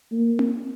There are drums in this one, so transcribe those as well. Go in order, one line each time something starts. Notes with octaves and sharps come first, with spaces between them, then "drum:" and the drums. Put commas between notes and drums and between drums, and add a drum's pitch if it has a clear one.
A#3
drum: tom C4